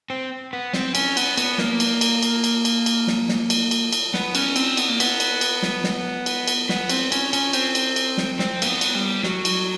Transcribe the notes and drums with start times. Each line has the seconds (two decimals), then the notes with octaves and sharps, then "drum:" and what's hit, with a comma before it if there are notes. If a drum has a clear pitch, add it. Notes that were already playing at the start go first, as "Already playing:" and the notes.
0.10 C4
0.53 B3
0.73 C4, drum: snare
0.95 C#4, drum: cymbal
1.17 B3, drum: cymbal
1.38 B3, drum: cymbal
1.58 A#3, drum: snare
1.80 drum: cymbal
2.01 drum: cymbal
2.23 drum: cymbal
2.44 drum: cymbal
2.65 drum: cymbal
2.86 drum: cymbal
3.08 drum: snare
3.29 drum: snare
3.50 drum: cymbal
3.71 drum: cymbal
3.93 drum: cymbal
4.14 B3, drum: snare
4.35 C#4, drum: cymbal
4.56 C4, drum: cymbal
4.77 B3, drum: cymbal
4.89 A#3
5.00 B3, drum: cymbal
5.20 drum: cymbal
5.41 drum: cymbal
5.63 drum: snare
5.84 drum: snare
6.26 drum: cymbal
6.48 drum: cymbal
6.69 B3, drum: snare
6.90 C4, drum: cymbal
7.12 C#4, drum: cymbal
7.33 C#4, drum: cymbal
7.53 C4, drum: cymbal
7.75 drum: cymbal
7.96 drum: cymbal
8.18 drum: snare
8.39 C4, drum: snare
8.62 A#3, drum: cymbal
8.67 B3
8.81 drum: cymbal
8.95 G3
9.24 F#3, drum: snare
9.45 drum: cymbal